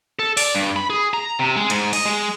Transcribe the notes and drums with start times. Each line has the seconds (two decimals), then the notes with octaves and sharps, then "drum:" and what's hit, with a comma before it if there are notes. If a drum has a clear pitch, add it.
0.19 A4
0.37 D5, drum: open hi-hat
0.55 G2
0.76 B5
0.90 G#4
1.14 A#5
1.39 C3
1.56 G#3
1.70 G#2, drum: cymbal
1.93 D#5, drum: cymbal
2.05 G#3